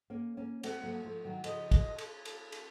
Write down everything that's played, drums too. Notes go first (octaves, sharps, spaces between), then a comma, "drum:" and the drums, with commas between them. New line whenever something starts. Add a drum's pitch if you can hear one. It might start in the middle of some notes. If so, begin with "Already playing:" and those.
A#3 C#4
A#3 C#4
A3 C4 F#5, drum: cymbal
F#3 A#3
F3 A3
D#3 F#3
C#3 F3 D#5, drum: cymbal
drum: kick, cymbal
drum: cymbal
drum: cymbal
drum: cymbal